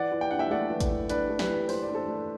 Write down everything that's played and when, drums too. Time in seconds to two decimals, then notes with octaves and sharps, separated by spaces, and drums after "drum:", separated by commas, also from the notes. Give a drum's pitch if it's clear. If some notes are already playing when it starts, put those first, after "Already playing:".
Already playing: E3 D5 F#5
0.12 E3
0.21 G5
0.31 D4 F#5
0.39 E5 G5
0.51 A3 D5 F#5
0.70 E3
0.80 drum: kick G#1, hi-hat
0.90 E3
1.10 D4 B4 D5, drum: hi-hat
1.29 A3
1.39 G4 B4, drum: snare
1.49 E3
1.69 E3 C5, drum: open hi-hat
1.82 D5
1.89 D4
1.95 A4 C5
2.08 A3